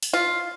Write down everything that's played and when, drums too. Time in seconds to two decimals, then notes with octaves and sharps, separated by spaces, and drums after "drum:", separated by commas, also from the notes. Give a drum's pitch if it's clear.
0.03 drum: open hi-hat
0.13 F4